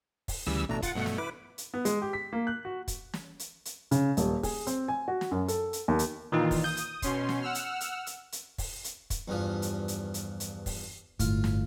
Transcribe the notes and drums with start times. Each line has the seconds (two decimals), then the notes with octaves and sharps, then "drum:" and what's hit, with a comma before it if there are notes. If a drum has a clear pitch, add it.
0.28 drum: kick, open hi-hat
0.47 D2 C#3 E3 G3 E6
0.69 A1 B2 A3 D4 A#5
0.82 F4 F#5 A6, drum: kick, hi-hat
0.95 G2 B2 A3
1.06 drum: snare
1.18 E4 B4 D6
1.58 drum: hi-hat
1.74 B3
1.85 G#3, drum: hi-hat
2.02 G4
2.13 B6
2.33 A#3
2.47 F#6
2.65 F#4
2.88 drum: kick, hi-hat
3.14 drum: snare
3.39 drum: hi-hat
3.65 drum: hi-hat
3.91 C#3, drum: hi-hat
4.17 D#1, drum: hi-hat
4.43 G#4, drum: kick, open hi-hat
4.67 C4, drum: hi-hat
4.88 G#5
5.08 F#4
5.21 drum: snare
5.31 F#2
5.48 A4, drum: hi-hat
5.73 drum: hi-hat
5.88 D#2
5.99 drum: hi-hat
6.32 A#2 D#3 E3 D#4 F4
6.51 drum: kick, open hi-hat
6.64 D#6 G6
6.77 drum: hi-hat
7.02 B2 C#4 C6, drum: kick, hi-hat
7.29 drum: snare
7.42 F#5 E6 F6
7.55 drum: hi-hat
7.81 drum: hi-hat
8.06 drum: hi-hat
8.32 drum: hi-hat
8.58 drum: kick, open hi-hat
8.84 drum: hi-hat
9.10 drum: kick, hi-hat
9.28 E2 G2 F3
9.62 drum: hi-hat
9.88 drum: hi-hat
10.14 drum: hi-hat
10.40 drum: hi-hat
10.66 drum: kick, open hi-hat
11.20 G1 A2 F4, drum: kick, hi-hat
11.44 drum: snare